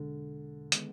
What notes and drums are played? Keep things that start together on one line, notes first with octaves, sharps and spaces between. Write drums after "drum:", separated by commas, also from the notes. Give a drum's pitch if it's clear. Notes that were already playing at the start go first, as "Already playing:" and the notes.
Already playing: E2 B2 D3 G#3
D#3 G#3 B3, drum: hi-hat